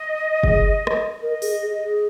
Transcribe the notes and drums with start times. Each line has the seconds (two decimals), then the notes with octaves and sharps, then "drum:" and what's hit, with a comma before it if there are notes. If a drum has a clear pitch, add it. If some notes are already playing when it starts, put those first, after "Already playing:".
Already playing: D#5
0.43 G#4, drum: kick F#1
0.87 drum: rim click
1.22 A#4 D#5
1.42 G#4, drum: open hi-hat
1.62 G#4
1.82 G#4